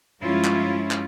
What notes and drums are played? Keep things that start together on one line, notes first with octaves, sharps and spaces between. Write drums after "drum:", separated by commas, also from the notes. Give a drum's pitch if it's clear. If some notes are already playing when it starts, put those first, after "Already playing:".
G2 F3 G#3 C#4 E4 F4
drum: clap
drum: clap